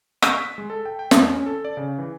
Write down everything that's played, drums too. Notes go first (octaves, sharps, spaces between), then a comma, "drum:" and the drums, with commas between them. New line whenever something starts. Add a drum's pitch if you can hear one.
C#6, drum: rim click
B6
G#3
A4
G5
G5
E2, drum: snare
C#4
A4
D5
C#3
E3